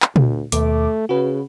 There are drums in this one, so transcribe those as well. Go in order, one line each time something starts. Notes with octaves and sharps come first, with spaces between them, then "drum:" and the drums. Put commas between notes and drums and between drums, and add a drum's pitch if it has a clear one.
drum: clap
D2, drum: tom
D#2 B2 A3 D6, drum: hi-hat
C#3 F#4 G#4 B4